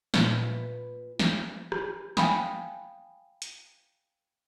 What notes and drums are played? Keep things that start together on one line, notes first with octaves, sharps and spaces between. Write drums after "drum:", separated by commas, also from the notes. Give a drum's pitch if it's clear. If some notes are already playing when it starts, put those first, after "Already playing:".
A#2 B4 E5, drum: snare
drum: snare
drum: rim click
F5 G5 G#5 B5 D#6, drum: snare
drum: hi-hat